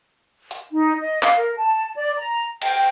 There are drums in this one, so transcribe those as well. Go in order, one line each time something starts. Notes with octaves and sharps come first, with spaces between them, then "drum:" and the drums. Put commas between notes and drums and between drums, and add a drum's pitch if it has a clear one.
drum: hi-hat
D#4
D#5
F5, drum: clap
A#4
A5
D5
A#5
G5, drum: cymbal